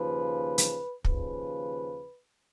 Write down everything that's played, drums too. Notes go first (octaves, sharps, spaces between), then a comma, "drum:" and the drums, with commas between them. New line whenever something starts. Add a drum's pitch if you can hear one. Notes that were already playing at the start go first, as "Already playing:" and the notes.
Already playing: D#2 C#3 F3 B4
drum: hi-hat
D#2 C#3 F3 B4, drum: kick